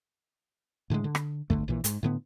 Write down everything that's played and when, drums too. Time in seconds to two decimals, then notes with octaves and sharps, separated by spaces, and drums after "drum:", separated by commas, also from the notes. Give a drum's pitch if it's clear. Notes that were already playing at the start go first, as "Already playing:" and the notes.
0.90 A2 D3 G3 G#3
1.04 D3
1.15 drum: rim click
1.50 G1 D3 A3, drum: kick
1.68 A#1 A#2 E3
1.84 G#2, drum: hi-hat
2.03 A2 D3 B3